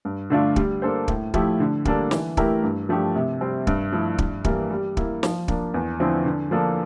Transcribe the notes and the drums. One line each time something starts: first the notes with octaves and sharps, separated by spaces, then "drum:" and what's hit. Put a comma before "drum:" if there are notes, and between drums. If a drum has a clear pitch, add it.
G2
D3 A3 D4 F4
G3, drum: kick
A#3 D4 A4 C5
A2, drum: kick
F3 A3 E4 G4, drum: kick
D3
G3 A#3 D4 A4, drum: kick
E3, drum: snare
A3 E4 G4 A#4, drum: kick
G2
F3 A3 D4 G4
C3
G3 C4
G2, drum: kick
F3 A3 E4
G2, drum: kick
E3 G3 A#3, drum: kick
G3
A#3 E4, drum: kick
F3, drum: snare
A#3 D4, drum: kick
E2
D3 F3 C4 E4
D3
F3 A#3 D4 A4